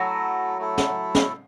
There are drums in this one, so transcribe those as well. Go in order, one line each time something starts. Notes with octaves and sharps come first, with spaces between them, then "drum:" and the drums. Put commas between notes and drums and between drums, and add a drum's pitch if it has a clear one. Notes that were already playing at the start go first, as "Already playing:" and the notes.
Already playing: F#3 A3 E4 A4
A3 E4 A4
drum: snare
drum: snare